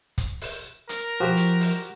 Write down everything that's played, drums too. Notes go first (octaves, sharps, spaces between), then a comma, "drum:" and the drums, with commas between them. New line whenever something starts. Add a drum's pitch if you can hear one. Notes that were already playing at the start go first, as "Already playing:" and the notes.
drum: kick, hi-hat
drum: open hi-hat
A#4, drum: hi-hat
F3 F#4 G4 C5
drum: hi-hat
drum: open hi-hat